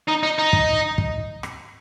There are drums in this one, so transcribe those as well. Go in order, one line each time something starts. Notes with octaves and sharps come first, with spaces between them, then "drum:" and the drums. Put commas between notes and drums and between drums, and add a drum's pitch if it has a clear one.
D#4
D#4
D#4
drum: kick
drum: kick
drum: rim click